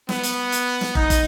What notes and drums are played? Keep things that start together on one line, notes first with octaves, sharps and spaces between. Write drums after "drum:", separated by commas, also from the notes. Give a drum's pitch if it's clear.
B3, drum: snare
drum: hi-hat
drum: hi-hat
drum: snare
D#4, drum: kick
drum: kick, hi-hat